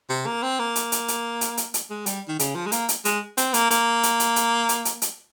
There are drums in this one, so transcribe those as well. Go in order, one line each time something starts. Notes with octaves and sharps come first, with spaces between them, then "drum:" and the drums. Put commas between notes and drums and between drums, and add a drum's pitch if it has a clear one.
C3
A#3
C4
A#3
drum: hi-hat
drum: hi-hat
drum: hi-hat
drum: hi-hat
drum: hi-hat
drum: hi-hat
G#3
G3, drum: hi-hat
D#3
C#3, drum: hi-hat
F3
G#3
A#3, drum: hi-hat
drum: hi-hat
G#3, drum: hi-hat
C4, drum: hi-hat
A#3, drum: hi-hat
A#3, drum: hi-hat
drum: hi-hat
drum: hi-hat
drum: hi-hat
drum: hi-hat
drum: hi-hat
drum: hi-hat